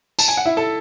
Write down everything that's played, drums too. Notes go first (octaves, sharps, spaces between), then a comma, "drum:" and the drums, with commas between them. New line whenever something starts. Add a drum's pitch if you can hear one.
A5, drum: tambourine
G#5
F#5
E4 E5
A4 A5